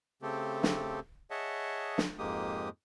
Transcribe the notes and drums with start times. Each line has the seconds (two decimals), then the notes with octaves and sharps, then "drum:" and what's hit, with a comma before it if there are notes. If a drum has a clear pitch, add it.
0.22 C#3 A3 C4 G4 A4
0.63 drum: snare
1.31 G#4 C#5 D#5 E5 F#5 A5
1.98 drum: snare
2.19 F2 G#2 G#3 A#3 G4 D#6